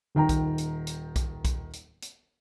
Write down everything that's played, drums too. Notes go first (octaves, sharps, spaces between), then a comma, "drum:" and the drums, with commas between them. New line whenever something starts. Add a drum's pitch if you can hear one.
D#1 D#3 G5 A#5
drum: kick B1, hi-hat
drum: hi-hat
drum: hi-hat
drum: kick B1, hi-hat
drum: kick B1, hi-hat
drum: hi-hat
drum: hi-hat